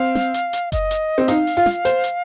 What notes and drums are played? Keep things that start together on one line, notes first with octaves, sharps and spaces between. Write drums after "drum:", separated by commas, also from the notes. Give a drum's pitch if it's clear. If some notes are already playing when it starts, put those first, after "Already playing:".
Already playing: C4 F5
drum: snare
drum: hi-hat
drum: hi-hat
D#5, drum: kick F#1, hi-hat
drum: hi-hat
C4
D#4 F5, drum: hi-hat
drum: open hi-hat
F4
drum: snare
C5, drum: hi-hat
drum: hi-hat